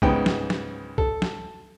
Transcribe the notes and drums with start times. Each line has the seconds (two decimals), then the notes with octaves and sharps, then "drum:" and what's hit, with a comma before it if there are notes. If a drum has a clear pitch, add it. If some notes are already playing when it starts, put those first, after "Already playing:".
0.02 C#2 G#2 B3 G5, drum: kick B1
0.26 drum: snare
0.50 drum: snare
0.98 A4, drum: kick B1
1.22 drum: snare